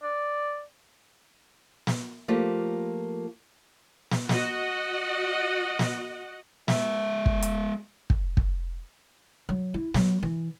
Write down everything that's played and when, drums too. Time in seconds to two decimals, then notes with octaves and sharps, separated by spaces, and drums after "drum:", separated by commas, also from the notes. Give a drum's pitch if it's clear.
0.03 D5
1.87 drum: snare
2.28 F3 A3 A#3 F4 G4
4.11 drum: snare
4.29 F#4 D#5 F#5, drum: snare
5.79 drum: snare
6.68 G#3 E5, drum: snare
7.26 drum: kick
7.42 drum: hi-hat
8.10 drum: kick
8.37 drum: kick
9.49 F#3
9.74 E4
9.94 F#3, drum: snare
10.23 E3